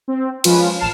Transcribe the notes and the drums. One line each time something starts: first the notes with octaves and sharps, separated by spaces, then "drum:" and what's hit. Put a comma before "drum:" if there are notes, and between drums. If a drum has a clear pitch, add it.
C4
F3 G#3 C#4 F4 B4, drum: cymbal
A1 A5 F6 C7 E7